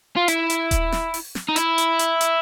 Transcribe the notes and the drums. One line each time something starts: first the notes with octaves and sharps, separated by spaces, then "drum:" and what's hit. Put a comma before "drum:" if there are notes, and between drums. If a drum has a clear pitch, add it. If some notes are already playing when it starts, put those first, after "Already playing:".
F4
E4, drum: hi-hat
drum: hi-hat
drum: kick D#1, hi-hat
drum: snare
drum: open hi-hat
drum: snare
D#4
E4, drum: hi-hat
drum: hi-hat
drum: hi-hat
drum: hi-hat